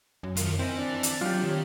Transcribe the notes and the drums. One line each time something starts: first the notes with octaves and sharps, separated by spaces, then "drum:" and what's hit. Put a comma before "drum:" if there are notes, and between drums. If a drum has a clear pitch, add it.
F#2
D#3 F4 A#4, drum: hi-hat
C4 E4 D#5 G#5
D4
drum: hi-hat
F#3 F4 G4
D#3 C#5